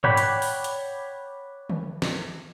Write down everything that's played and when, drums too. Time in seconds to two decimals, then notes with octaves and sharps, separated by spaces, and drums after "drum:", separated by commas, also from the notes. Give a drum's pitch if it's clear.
0.04 C#5 D5 F#5 G5 B5, drum: tom G2
0.17 drum: hi-hat
0.42 drum: open hi-hat
0.64 drum: hi-hat
1.70 drum: tom D3
2.02 drum: snare